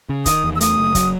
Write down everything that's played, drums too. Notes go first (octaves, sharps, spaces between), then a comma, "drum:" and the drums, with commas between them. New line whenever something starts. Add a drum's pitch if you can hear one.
C#3
D#3 D#6, drum: kick C#1, hi-hat
E2
E6
A3 D#6, drum: hi-hat
F#1
F#3, drum: kick C#1, hi-hat